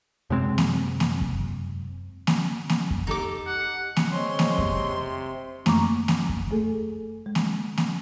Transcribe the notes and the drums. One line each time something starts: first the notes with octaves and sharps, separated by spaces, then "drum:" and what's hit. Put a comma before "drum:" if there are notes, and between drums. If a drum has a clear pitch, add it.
F#2 C3 G#3 C4
drum: snare A#3
drum: snare A#3
drum: kick F2
drum: snare A#3
drum: snare A#3
drum: kick F2
D#4 G4 A4 D6
F#5
drum: snare A#3
G#3 C4 C#5 C6
drum: snare A#3
C3, drum: kick F2
F#2 A3 A#3 A#5 C#6 D6, drum: snare A#3
drum: snare A#3
drum: kick F2
A3 G#4 A4
G#3
drum: snare A#3
drum: snare A#3